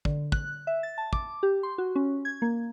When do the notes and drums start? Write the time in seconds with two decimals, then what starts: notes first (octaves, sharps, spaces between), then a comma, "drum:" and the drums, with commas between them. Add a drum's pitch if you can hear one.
0.05 D3, drum: kick
0.32 F#6, drum: kick
0.67 E5
0.83 A6
0.98 A5
1.13 D6, drum: kick
1.43 G4
1.63 C6
1.78 F#4
1.96 C#4
2.25 G#6
2.42 A#3